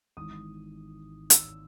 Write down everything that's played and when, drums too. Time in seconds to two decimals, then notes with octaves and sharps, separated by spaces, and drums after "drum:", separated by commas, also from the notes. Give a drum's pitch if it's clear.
0.17 G#1 G#2 E3 D#6
1.30 E6, drum: hi-hat